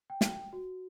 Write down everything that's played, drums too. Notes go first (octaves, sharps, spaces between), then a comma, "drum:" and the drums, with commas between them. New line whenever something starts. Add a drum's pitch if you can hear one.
G5
drum: snare
F#4